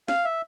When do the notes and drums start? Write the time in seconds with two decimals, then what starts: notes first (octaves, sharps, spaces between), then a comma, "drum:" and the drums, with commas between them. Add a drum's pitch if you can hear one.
0.08 F5, drum: snare
0.25 E5